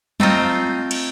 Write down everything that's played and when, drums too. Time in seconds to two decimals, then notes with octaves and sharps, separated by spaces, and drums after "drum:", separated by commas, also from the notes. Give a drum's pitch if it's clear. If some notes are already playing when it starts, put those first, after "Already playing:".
0.20 A3 C4 D#4 F4, drum: tom F#3
0.91 drum: cymbal